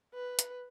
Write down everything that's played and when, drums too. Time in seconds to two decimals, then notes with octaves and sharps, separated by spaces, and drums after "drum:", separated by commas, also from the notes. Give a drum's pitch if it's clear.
0.14 B4
0.39 drum: hi-hat